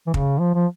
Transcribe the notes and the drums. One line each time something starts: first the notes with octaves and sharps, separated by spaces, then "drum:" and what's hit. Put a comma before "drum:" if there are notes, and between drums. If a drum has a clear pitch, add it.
E3
C#3, drum: kick
F3
F3